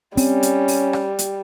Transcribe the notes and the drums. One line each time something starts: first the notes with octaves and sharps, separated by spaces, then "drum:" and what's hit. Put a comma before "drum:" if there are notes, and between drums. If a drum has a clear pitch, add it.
G3 C4 C#4, drum: open hi-hat
drum: hi-hat
drum: open hi-hat
drum: rim click
drum: hi-hat